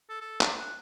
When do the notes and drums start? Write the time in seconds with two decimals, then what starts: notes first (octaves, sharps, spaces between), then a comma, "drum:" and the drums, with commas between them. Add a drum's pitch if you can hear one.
0.09 A4
0.21 A4
0.41 D4, drum: clap
0.59 F#5